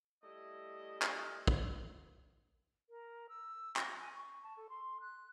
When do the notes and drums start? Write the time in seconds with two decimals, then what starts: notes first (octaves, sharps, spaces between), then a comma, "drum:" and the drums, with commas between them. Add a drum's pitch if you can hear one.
0.23 G3 A3 E4 D#5
1.02 drum: clap
1.47 drum: kick
2.89 A#4
3.29 E6
3.76 A#6, drum: clap
3.99 G#5
4.13 C#6
4.43 A5
4.57 A4
4.69 C6
5.00 F#6